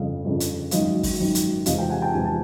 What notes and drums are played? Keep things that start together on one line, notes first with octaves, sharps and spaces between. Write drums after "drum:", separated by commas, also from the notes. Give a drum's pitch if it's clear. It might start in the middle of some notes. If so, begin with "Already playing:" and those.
Already playing: G1 F2 C#3 D#5 F5
G1 F2 C#3
drum: hi-hat
G#1 F#2 D#3 D#5 F5, drum: hi-hat
drum: kick, open hi-hat
G#1 F#2 D#3
drum: hi-hat
E1 E2 C3 D#5 F5, drum: hi-hat
F5 G5
F#5 G#5
G5 A5
E1 E2 C3 G#5
A5